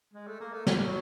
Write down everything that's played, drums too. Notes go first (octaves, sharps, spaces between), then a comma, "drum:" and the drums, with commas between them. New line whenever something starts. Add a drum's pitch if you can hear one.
G#3
A3
A#3
A3
G3, drum: snare
F#3